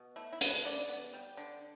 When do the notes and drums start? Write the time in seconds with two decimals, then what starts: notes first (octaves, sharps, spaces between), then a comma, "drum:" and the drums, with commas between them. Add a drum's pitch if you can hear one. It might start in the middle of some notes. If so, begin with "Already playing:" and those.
Already playing: B2
0.16 A3 E4
0.33 E4
0.41 A3, drum: hi-hat
0.49 B4
0.65 D3 D5
0.89 B3
1.14 G3
1.37 D3